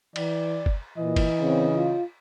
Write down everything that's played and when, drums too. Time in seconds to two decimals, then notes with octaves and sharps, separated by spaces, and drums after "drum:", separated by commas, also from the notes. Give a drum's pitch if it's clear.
0.16 E3 D5, drum: cymbal
0.66 drum: kick F#1
0.98 A#2 E3 D#5
1.16 drum: kick F#1, cymbal
1.41 C#3 C4
1.75 F4